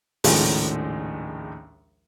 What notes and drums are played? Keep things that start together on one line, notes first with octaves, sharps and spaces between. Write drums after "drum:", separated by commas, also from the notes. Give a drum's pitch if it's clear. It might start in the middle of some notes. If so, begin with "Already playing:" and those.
A#1 D#2 A2 C#3 F3 G#3, drum: open hi-hat